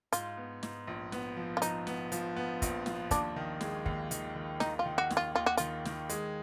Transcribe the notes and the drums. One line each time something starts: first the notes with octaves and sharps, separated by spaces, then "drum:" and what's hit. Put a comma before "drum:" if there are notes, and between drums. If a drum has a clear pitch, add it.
G#2 F4, drum: hi-hat
B3
G#2, drum: snare
A#1
B3, drum: snare
F3
F4
F3 D#4, drum: hi-hat
B3, drum: snare
F3, drum: hi-hat
B3
A#1, drum: kick, hi-hat
F3, drum: snare
D#2 D4, drum: kick, hi-hat
D#3
G#3, drum: snare
D#2, drum: kick
D#3, drum: hi-hat
D#3
D#3 D#4, drum: snare
F4
D#3
F#4
D#2, drum: snare
F4
D#2 F4
F#4
D#3 F4, drum: hi-hat
D#3, drum: snare
G#3, drum: hi-hat